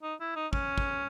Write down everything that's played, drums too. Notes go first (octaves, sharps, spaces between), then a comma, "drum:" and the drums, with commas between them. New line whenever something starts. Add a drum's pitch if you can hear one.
D#4
E4
D#4
C#4, drum: kick
drum: kick